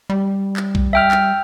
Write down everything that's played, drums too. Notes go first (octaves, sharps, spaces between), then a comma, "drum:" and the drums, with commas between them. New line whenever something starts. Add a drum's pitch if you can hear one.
G3
drum: clap
drum: kick B1
E5 G5 F6
drum: clap